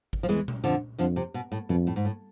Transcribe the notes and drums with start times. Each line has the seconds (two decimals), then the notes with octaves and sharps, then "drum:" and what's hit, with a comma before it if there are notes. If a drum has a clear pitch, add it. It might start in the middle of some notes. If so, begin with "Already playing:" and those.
0.13 drum: kick G#1
0.23 F3
0.29 E2 E3 G#3
0.48 drum: tom A#2
0.63 F2 D3 F3
0.98 F2 D3 F3
1.16 C3
1.34 B2
1.52 A2
1.69 F2 B2
1.87 A2
1.96 G#2
2.05 A2